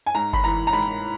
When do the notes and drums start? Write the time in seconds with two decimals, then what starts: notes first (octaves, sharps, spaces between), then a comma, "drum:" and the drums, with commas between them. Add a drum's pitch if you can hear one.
0.06 G#5
0.15 G#2 A#5
0.33 B5, drum: kick G1
0.44 E3 A#5
0.67 A#5
0.73 G#2 B5
0.82 drum: hi-hat